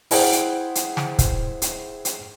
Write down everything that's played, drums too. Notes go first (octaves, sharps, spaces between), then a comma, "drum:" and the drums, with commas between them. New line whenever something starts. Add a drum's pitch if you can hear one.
E4 G#4 C5 F#5 G5, drum: open hi-hat
drum: hi-hat
drum: hi-hat
drum: snare
drum: kick, hi-hat
drum: hi-hat
drum: hi-hat